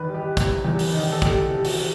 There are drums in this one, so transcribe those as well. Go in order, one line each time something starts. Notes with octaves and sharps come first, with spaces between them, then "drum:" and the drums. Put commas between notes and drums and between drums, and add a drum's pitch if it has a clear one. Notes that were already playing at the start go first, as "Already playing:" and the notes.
Already playing: E2 D#3 B4 D#5
G3
G4
C3, drum: kick, hi-hat
E2
drum: open hi-hat
D#3
A4
G3 G4, drum: kick, hi-hat
C3
F#4, drum: open hi-hat